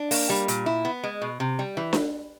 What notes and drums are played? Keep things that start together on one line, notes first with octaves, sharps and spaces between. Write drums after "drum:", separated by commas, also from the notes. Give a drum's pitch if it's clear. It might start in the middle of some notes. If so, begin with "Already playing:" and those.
Already playing: D4
A#3, drum: open hi-hat
G3
A#2, drum: hi-hat
E4
B3
G#3
B2
C3
G3
E3
drum: snare D4